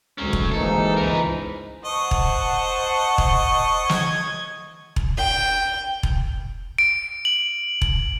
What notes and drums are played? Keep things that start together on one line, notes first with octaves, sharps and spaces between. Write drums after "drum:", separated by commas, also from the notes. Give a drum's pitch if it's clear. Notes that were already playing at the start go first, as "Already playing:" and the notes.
G#1 D2 F#3 G#3 C#4
drum: kick E1
G#2 E3 A#3 D#4 A4
G1 C#2 A#4 B4
C5 D#5 F#5 A5 C#6
drum: kick E1
drum: kick E1
G#6, drum: snare
drum: kick E1
G5
drum: kick E1
D7
F#7
drum: kick E1